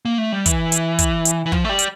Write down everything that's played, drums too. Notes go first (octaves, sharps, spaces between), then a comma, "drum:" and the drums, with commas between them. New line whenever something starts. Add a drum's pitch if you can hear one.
A#3
A3
G3
E3, drum: kick, hi-hat
drum: hi-hat
drum: kick, hi-hat
drum: hi-hat
E3
F3, drum: kick
A3
G3
drum: hi-hat